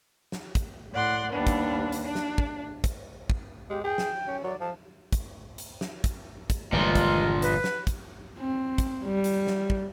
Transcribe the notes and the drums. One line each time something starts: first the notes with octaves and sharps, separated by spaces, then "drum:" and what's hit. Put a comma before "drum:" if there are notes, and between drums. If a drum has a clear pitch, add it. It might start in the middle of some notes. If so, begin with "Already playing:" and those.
drum: snare
drum: kick, hi-hat
A2 D5 F#5 C6
D#2 G3 B3 D4
drum: kick, hi-hat
drum: hi-hat
D4
drum: snare
drum: kick
drum: kick, hi-hat
drum: kick
G#3 G4
G#4 G5
drum: snare
C#4
F#3 D5
F3 A5
drum: kick, hi-hat
drum: hi-hat
drum: snare
drum: kick, hi-hat
drum: kick, hi-hat
G1 D#2 A#2 E3 F3 G#3 F4
drum: kick, hi-hat
B4, drum: hi-hat
drum: snare
drum: kick, hi-hat
C4
drum: kick, hi-hat
G3
drum: hi-hat
drum: snare
drum: kick